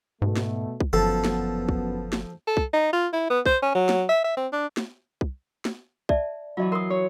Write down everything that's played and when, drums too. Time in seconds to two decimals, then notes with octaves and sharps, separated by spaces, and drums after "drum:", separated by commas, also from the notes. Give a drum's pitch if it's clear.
0.22 G#2 B2 A3
0.36 drum: snare
0.80 drum: kick
0.93 G1 F#2 F3 B3 A4
1.25 drum: snare
1.69 drum: kick
2.13 drum: snare
2.47 A4
2.57 drum: kick
2.73 D#4
2.93 F4
3.13 E4
3.30 B3
3.46 C5, drum: kick
3.62 C#4
3.75 F#3
3.89 drum: snare
4.09 E5
4.24 E5
4.37 C4
4.52 D4
4.77 drum: snare
5.21 drum: kick
5.65 drum: snare
6.09 D5 E5 A5, drum: kick
6.57 E3 F#3 F4 D#5
6.72 A#4 C6 D#6
6.90 F#4 C#5